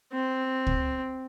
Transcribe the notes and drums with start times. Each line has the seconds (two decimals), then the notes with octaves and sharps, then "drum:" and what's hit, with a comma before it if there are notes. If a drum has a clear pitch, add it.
0.13 C4
0.67 drum: kick